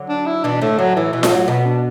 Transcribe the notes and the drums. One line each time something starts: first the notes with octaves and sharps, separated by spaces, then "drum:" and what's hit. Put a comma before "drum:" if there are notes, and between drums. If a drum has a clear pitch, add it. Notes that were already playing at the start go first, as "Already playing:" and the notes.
Already playing: D3 F#3
D4
E4
B2 E3 D4
A2 D3 A3
A2 D3 F#3
A2 E3
B2 E3
A3, drum: snare F4
A2 F#3
B2 B3
D4